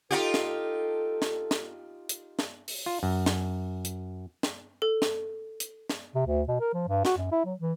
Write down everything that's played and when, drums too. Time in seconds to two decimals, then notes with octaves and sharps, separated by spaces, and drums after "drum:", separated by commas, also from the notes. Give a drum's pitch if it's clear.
0.11 D#4 F4 G4 A4
0.34 drum: snare
1.22 drum: snare
1.51 drum: snare
2.09 drum: hi-hat
2.39 drum: snare
2.68 drum: open hi-hat
2.86 F4
3.03 F#2
3.26 drum: snare
3.85 drum: hi-hat
4.43 drum: snare
4.82 A4
5.02 drum: snare
5.60 drum: hi-hat
5.89 drum: snare
6.15 C3
6.27 D2
6.48 B2
6.60 A#4
6.74 F3
6.88 G2
7.05 F#4, drum: snare
7.17 F#2
7.31 E4
7.45 F#3
7.59 E3